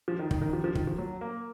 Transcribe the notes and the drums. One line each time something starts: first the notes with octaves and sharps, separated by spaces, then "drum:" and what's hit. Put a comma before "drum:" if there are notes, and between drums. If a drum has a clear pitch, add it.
F3
D#3
D#3, drum: kick
D#3
F3
F3
D#3, drum: kick
F3
F#3
A#3